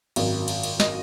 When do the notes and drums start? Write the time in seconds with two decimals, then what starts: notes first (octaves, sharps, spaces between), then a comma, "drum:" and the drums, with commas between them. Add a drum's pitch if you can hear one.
0.16 G#1 F#2 D#3, drum: cymbal
0.48 drum: cymbal
0.63 drum: cymbal
0.80 D#5, drum: snare